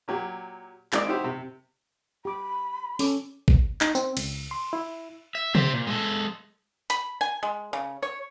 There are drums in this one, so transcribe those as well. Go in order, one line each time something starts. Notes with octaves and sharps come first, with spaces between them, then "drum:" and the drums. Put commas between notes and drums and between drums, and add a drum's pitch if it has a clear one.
A#2 F#3 G4
G#3 A#3 C4 E4 C5 D5, drum: clap
D#4 E4 F#4 G4 C5
C3
G4 B5 D6
C#4 A4 D6, drum: open hi-hat
drum: kick G#1
D#4, drum: clap
C4, drum: tambourine
C#2, drum: cymbal
C6
E4
E5
C5 E5, drum: tom C3
A#2
G#3 A4
B5, drum: hi-hat
G#5
G#3
C#3
C#5